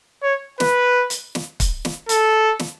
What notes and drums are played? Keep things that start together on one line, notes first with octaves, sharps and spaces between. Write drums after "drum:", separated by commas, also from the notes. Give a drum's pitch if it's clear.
C#5
B4, drum: snare
drum: hi-hat
drum: snare
drum: kick, hi-hat
drum: snare
A4, drum: hi-hat
drum: snare